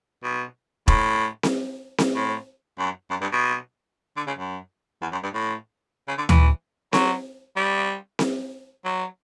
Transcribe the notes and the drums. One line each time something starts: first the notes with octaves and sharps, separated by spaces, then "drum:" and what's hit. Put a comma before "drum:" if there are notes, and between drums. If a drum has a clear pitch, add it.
B2
A2, drum: kick E1
drum: snare C4
drum: snare C4
A2
F#2
F#2
G2
B2
D3
C#3
F#2
E2
F#2
G2
A2
C#3
D3
E3, drum: tom D2
F#3, drum: snare C4
G3
drum: snare C4
F#3